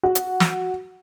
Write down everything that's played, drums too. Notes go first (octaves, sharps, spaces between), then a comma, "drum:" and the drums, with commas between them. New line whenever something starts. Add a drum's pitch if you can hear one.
F#4
drum: hi-hat
drum: snare